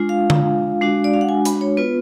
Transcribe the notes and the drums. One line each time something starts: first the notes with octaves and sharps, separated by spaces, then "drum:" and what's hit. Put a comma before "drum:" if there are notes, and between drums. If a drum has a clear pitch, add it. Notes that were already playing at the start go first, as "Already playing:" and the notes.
Already playing: G#3 D4 F4
F5
drum: tom D3
G#3 D4 F#4
D5
F5
F#5
G#5
B5, drum: hi-hat
C#5
B3 F4 B4